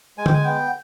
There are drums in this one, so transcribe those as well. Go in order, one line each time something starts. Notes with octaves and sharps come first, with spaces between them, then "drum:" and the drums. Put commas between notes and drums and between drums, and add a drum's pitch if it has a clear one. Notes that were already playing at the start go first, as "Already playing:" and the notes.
G#3 G#5
G5, drum: tom D3
G#5
B3 G5